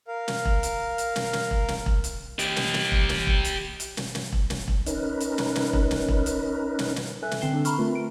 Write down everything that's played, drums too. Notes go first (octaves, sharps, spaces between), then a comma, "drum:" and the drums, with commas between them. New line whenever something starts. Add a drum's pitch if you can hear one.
A#4 F5
drum: snare
drum: kick E1
drum: hi-hat
drum: hi-hat
drum: snare
drum: snare
drum: kick E1
drum: snare
drum: kick E1
drum: hi-hat
G4 D#5, drum: hi-hat
drum: snare
drum: snare
drum: kick E1
drum: snare
drum: kick E1
drum: hi-hat
drum: hi-hat
drum: snare
drum: snare
drum: kick E1
drum: snare
drum: kick E1
C#4 D#4 A#4 B4, drum: hi-hat
drum: hi-hat
drum: snare
drum: snare
drum: kick E1
drum: snare
drum: kick E1
drum: hi-hat
drum: snare
drum: snare
A4 B4 E5 G#5 F#6
drum: snare
D3 C4 G5 C7 E7 G7
D4 A4
A#5 B5 C#6 F6, drum: hi-hat
A3 C4 F4 A#4 B4
D7